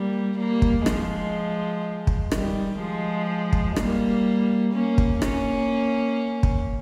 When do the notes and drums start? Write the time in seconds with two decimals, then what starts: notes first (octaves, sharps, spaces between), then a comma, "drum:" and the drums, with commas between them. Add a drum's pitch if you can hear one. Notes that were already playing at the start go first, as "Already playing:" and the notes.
Already playing: G3 A#3
0.38 G3 A#3
0.62 drum: kick
0.86 F3 G#3, drum: rim click
2.07 drum: kick
2.32 D#3 G3, drum: rim click
2.80 F3 G#3
3.53 drum: kick
3.76 G3 A#3, drum: rim click
4.73 A#3 C#4
4.98 drum: kick
5.22 A#3 C#4, drum: rim click
6.43 drum: kick